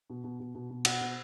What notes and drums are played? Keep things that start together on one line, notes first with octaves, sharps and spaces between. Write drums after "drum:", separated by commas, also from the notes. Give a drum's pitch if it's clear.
B2
B2
B2
B2
B2
B2 F#5, drum: cymbal
B2